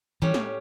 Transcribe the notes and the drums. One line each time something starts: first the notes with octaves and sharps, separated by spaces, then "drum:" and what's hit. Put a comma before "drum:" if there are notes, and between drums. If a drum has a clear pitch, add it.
A2 E3 G3 C#4
drum: snare